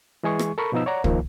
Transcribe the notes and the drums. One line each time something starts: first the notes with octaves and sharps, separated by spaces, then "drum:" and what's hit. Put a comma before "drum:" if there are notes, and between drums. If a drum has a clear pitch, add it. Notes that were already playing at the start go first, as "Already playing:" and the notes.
E3 G#3 G#4 C#6
drum: rim click
A4 A#4 B5 C#6
B2 F3 B3 D#4 E6
C#5 D5 F#5 A#5
D#3 F3 A#3, drum: kick